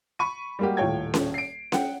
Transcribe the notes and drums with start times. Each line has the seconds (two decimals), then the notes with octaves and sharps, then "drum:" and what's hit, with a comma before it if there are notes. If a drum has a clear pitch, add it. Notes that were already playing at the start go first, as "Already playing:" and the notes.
0.19 B5 C#6 D#7
0.59 G3 G#3 A#3 F#4 G4
0.77 D#1 A2 F4 C#5 G5 G#6
1.14 drum: snare C#4
1.34 C7 D7
1.72 F#5 G5, drum: snare C#4